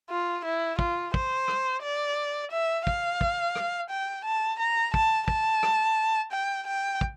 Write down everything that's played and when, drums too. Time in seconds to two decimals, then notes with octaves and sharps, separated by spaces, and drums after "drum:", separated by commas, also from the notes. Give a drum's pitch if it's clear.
0.10 F4
0.45 E4
0.79 F4, drum: kick
1.14 C5, drum: kick
1.48 drum: rim click
1.82 D5
2.51 E5
2.87 F5, drum: kick
3.21 drum: kick
3.55 drum: rim click
3.90 G5
4.25 A5
4.59 A#5
4.94 A5, drum: kick
5.28 A5, drum: kick
5.63 drum: rim click
6.32 G5
6.67 G5
7.01 drum: kick